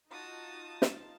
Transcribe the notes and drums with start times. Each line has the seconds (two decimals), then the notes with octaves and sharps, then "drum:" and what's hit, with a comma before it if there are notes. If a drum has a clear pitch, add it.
0.11 D#4 F4 F#4 A5 D#6
0.82 drum: snare